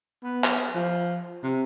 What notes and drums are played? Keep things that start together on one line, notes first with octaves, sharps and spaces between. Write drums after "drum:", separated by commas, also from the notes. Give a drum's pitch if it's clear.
B3
drum: clap
F3
C3